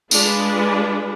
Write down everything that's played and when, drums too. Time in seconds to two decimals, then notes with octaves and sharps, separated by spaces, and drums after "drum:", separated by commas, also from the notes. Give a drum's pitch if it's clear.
0.11 G#3 D4 F4 B4, drum: tambourine